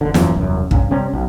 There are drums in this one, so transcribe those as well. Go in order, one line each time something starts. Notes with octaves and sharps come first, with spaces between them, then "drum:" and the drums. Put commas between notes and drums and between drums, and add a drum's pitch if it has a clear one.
F#1 D3
E1 F#2 E3 F3, drum: snare
E1 C2 F#2
G2 C#4, drum: kick
C3 G3 C4 C#4
B1